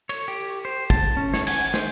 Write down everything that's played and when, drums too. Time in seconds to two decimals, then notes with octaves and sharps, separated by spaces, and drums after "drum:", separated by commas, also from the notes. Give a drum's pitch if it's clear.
0.09 C#5, drum: cymbal
0.28 G4
0.65 C5
0.90 A5, drum: kick
1.17 C#4
1.34 C#5, drum: snare
1.47 G#5, drum: cymbal
1.74 C5, drum: snare